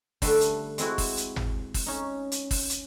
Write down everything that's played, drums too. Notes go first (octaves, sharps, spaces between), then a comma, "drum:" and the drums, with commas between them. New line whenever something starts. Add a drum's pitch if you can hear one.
D3 G3 A3 A4 B4, drum: kick, open hi-hat
drum: hi-hat
G#3 C4 E4 F#4, drum: hi-hat
drum: kick, open hi-hat
drum: hi-hat
drum: tom G#1
drum: kick, open hi-hat
C#4 D#4
drum: hi-hat
drum: kick, open hi-hat
drum: hi-hat